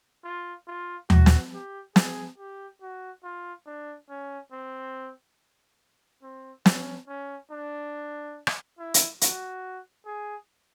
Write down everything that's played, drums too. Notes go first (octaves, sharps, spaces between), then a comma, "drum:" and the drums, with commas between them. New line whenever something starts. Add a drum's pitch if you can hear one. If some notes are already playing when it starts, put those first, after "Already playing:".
F4
F4
F#4, drum: tom D#2
drum: snare
G4
G#4, drum: snare
G4
F#4
F4
D4
C#4
C4
C4
C#4, drum: snare
C#4
D4
drum: rim click
E4
drum: hi-hat
F#4, drum: hi-hat
G#4